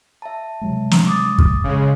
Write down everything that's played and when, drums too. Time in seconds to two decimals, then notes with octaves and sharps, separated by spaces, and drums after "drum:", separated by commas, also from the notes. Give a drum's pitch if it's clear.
0.22 E5 A5
0.61 C3 F#3 G#3
0.91 drum: snare
1.07 D6 D#6 A6
1.38 drum: kick
1.64 C#3 G#3